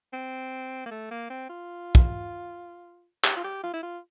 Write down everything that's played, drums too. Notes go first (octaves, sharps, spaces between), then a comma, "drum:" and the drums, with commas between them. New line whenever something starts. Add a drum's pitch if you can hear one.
C4
A#3
A3
A#3
C4
F4
drum: kick
G4, drum: clap
F4
G4
F4
E4
F4